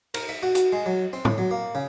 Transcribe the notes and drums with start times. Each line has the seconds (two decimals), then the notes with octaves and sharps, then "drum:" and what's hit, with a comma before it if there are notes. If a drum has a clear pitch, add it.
0.14 A#4, drum: cymbal
0.29 E5
0.43 F#4
0.55 F#4, drum: hi-hat
0.73 G#3
0.86 F#3
1.13 C4
1.25 A2, drum: tom A2
1.38 F#3
1.51 A#3
1.75 C#3